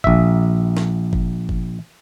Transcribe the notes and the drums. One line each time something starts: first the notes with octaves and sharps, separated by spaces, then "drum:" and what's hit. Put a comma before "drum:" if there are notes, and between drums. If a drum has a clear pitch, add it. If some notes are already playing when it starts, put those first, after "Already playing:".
A#1 E5, drum: kick G1
drum: snare
drum: kick G1
drum: kick G1